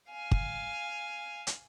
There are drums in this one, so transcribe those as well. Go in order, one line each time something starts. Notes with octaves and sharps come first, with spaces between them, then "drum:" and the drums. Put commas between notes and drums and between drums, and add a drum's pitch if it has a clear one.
F5 G#5
drum: kick
drum: hi-hat